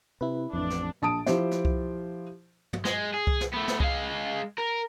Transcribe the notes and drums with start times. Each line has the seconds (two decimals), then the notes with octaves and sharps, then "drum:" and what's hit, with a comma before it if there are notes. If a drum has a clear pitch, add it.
0.21 C3 E4 B4
0.53 A1 F2 D4
0.70 drum: snare
1.02 A#1 A5 D#6 D7
1.26 F3 E4 G4 C5, drum: snare
1.51 drum: snare
1.65 drum: kick C2
2.73 drum: tom
2.85 G#3, drum: snare
3.14 G#4
3.27 drum: kick C2
3.41 drum: snare
3.53 A3 B3
3.68 drum: snare
3.80 G#3 F5, drum: kick C2
4.58 A#4